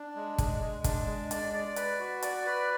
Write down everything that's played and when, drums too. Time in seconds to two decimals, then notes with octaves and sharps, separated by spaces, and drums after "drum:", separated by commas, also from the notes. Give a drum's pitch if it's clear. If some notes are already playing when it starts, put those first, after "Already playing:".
Already playing: D4
0.16 G#3
0.38 G#3, drum: kick, hi-hat
0.62 G#3
0.84 D4, drum: kick, hi-hat
1.07 G#3
1.31 D5, drum: hi-hat
1.53 D5
1.76 B4, drum: hi-hat
1.99 F#4
2.22 D5, drum: hi-hat
2.46 B4